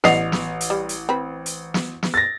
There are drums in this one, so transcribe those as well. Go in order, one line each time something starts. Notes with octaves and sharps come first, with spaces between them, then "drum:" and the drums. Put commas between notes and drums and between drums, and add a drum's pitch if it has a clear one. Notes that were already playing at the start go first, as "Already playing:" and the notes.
A1 D5 D#5 F#5 C7 F7, drum: snare
drum: snare
drum: hi-hat
G3
drum: hi-hat
C4 B4
drum: hi-hat
drum: snare
drum: snare
A6 A#6